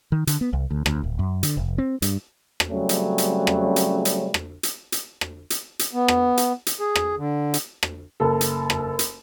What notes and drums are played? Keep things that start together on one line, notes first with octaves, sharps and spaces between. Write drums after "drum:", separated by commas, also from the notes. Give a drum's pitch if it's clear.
D#3
D3, drum: hi-hat
B3
C2
D2
D2, drum: rim click
D1
F#2
D3, drum: hi-hat
F1
C4
G2, drum: hi-hat
drum: rim click
C#3 F#3 G3 A3 C4 C#4
drum: hi-hat
drum: hi-hat
drum: rim click
drum: hi-hat
drum: hi-hat
drum: rim click
drum: hi-hat
drum: hi-hat
drum: rim click
drum: hi-hat
drum: hi-hat
B3
drum: rim click
drum: hi-hat
drum: hi-hat
G#4
drum: rim click
D3
drum: hi-hat
drum: rim click
F#1 A4
drum: hi-hat
drum: rim click
drum: hi-hat